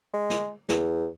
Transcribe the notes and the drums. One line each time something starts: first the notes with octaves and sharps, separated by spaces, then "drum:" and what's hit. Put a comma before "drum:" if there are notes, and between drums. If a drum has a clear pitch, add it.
G#3
drum: snare
E2, drum: snare